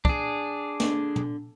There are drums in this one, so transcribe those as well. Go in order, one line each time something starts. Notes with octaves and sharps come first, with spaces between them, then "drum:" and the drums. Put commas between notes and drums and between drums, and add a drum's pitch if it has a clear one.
D4 G#4, drum: kick
D3, drum: snare
drum: tom